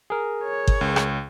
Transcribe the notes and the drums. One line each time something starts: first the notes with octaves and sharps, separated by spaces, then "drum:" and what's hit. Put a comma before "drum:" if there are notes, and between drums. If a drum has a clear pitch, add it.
G#4 A#4
C#5
drum: kick G1
C#2
drum: rim click